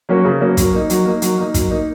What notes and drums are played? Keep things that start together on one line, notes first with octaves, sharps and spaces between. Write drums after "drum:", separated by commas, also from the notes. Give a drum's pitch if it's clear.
F#3 A#3 C#4
C#3
F#3 A#3 C#4
F#3, drum: kick, hi-hat
A#3 D#4
F#3, drum: hi-hat
A#3 D#4
F#3, drum: hi-hat
A#3 D#4
F#3, drum: kick, hi-hat
A#3 D#4